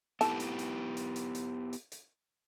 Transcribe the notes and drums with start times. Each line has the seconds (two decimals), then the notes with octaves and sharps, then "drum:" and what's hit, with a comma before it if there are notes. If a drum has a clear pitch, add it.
0.21 B3 E4 G4 A4 A5, drum: hi-hat
0.40 drum: hi-hat
0.59 drum: hi-hat
0.97 drum: hi-hat
1.16 drum: hi-hat
1.35 drum: hi-hat
1.73 drum: hi-hat
1.92 drum: hi-hat